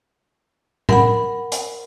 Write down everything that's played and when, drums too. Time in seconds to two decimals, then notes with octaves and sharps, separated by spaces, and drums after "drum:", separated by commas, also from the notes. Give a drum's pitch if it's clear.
0.89 A#4 F#5 B5, drum: tom
1.52 drum: hi-hat